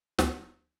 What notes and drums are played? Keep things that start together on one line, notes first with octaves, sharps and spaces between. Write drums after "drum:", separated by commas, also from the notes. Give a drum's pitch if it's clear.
D2 F3 B3, drum: snare